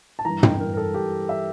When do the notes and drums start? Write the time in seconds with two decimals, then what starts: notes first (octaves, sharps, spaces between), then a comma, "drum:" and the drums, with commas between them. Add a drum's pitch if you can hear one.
0.19 A5
0.25 G2 E3 A#5
0.43 G5, drum: tom
0.60 A#4
0.73 A#4
0.77 A4
0.94 G4
1.29 E5